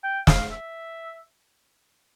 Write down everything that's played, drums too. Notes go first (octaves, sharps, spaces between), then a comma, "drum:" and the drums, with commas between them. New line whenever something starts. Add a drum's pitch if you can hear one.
G5
F5, drum: snare
E5